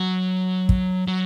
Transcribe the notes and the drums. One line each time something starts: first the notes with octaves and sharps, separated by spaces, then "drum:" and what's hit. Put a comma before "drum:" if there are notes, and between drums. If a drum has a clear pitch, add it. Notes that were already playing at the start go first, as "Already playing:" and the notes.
Already playing: F#3
drum: kick
F#3